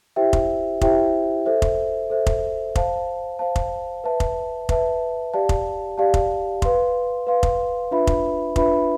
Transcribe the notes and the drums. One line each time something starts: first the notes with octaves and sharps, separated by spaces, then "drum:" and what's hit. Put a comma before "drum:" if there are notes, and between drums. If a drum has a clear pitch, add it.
E4 G4 C5 E5 G5
drum: kick F1
E4 G4 C5 E5 G5, drum: kick F1
A4 C5 E5
drum: kick F1
A4 C5 E5
drum: kick F1
C5 F5 A5, drum: kick F1
C5 F5 A5
drum: kick F1
B4 E5 A5
drum: kick F1
B4 E5 A5, drum: kick F1
G4 D5 F5 A5
drum: kick F1
G4 D5 F5 A5
drum: kick F1
B4 F5 C6, drum: kick F1
B4 F5 C6
drum: kick F1
D4 F4 B4 E5 B5
drum: kick F1
D4 F4 B4 E5 B5, drum: kick F1